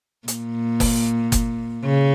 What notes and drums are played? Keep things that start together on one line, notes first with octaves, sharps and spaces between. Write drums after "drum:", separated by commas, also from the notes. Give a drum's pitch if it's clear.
A#2, drum: hi-hat
drum: kick F#1, open hi-hat
drum: kick F#1, hi-hat
C#3